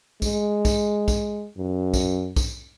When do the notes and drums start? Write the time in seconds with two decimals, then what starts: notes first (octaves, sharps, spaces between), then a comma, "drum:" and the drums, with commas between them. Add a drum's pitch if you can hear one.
0.22 G#3, drum: kick B1, tambourine
0.65 drum: kick B1, tambourine
1.08 drum: kick B1, tambourine
1.58 F#2
1.94 drum: kick B1, tambourine
2.36 drum: kick B1, tambourine